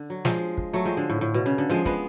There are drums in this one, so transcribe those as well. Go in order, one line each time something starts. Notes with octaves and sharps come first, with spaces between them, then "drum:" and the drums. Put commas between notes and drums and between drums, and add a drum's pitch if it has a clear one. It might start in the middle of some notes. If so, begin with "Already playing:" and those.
Already playing: D3
F#3
F3 G#3, drum: snare
drum: kick
F#3 A3
F3 G#3
D3
A2
A2
B2
C#3
D3
F3 G#3
G#3 B3, drum: kick